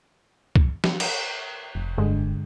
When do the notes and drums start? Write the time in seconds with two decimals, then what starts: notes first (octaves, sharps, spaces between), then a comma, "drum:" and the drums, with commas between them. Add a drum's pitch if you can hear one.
0.56 drum: kick
0.84 drum: snare
1.00 drum: cymbal
1.75 F1
1.98 G2 D3 G#3